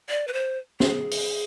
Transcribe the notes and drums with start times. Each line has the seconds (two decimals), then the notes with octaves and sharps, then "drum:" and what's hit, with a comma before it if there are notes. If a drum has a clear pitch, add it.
0.09 D5
0.28 B4
0.33 C5
0.80 G#4, drum: snare
1.11 drum: open hi-hat